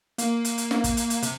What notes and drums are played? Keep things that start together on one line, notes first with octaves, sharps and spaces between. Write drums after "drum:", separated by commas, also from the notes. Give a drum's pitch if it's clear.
A#3, drum: hi-hat
drum: hi-hat
drum: hi-hat
drum: snare
drum: kick, hi-hat
drum: hi-hat
drum: hi-hat
C3, drum: hi-hat